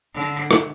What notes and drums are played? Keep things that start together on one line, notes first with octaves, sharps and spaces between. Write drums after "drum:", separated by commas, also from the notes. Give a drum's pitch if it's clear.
D3
drum: rim click